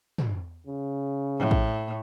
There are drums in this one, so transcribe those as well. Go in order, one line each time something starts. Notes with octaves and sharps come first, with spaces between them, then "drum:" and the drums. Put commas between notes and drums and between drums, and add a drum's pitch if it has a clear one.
drum: tom
C#3
A2
drum: kick A1